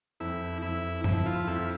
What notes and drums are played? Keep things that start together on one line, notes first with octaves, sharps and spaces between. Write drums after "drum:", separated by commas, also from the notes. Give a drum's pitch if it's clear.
F2 E4
F2 E4
F3 E4, drum: tom F#2
F4
F2 E4